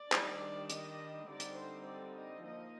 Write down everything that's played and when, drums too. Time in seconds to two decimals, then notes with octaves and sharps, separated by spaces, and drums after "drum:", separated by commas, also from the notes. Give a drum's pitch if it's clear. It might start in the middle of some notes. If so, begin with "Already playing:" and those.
Already playing: D5
0.12 D#3 G3 D4, drum: clap
0.70 D#5, drum: hi-hat
1.28 D3 G3 C4 D#4 D5
1.40 drum: hi-hat
1.57 C5
1.86 D5
2.15 D#5
2.44 F3 A#3 D#4 D#5